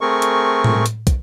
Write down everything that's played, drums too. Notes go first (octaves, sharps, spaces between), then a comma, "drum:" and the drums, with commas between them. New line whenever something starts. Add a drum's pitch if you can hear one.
A3 C4 G#4 A#4 C#6
drum: hi-hat
drum: tom A2
drum: hi-hat
drum: kick, hi-hat